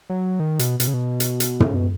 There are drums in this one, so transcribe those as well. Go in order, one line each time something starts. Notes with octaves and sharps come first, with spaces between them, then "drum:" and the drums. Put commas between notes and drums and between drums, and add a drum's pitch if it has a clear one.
F#3
D#3
B2, drum: hi-hat
B2, drum: hi-hat
C#3
B2
drum: hi-hat
drum: hi-hat
C#3, drum: tom
B2